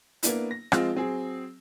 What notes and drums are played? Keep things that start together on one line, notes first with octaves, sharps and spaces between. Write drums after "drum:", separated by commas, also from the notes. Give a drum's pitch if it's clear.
A#3 B3 D4 E4, drum: hi-hat
A#6
F3 G#3 C4 F4, drum: rim click
F#3 C4 G#4